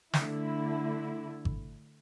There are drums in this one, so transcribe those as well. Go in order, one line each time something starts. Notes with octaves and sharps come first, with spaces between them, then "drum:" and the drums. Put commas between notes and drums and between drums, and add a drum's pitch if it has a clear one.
D3 A3 E4, drum: snare
drum: kick G#1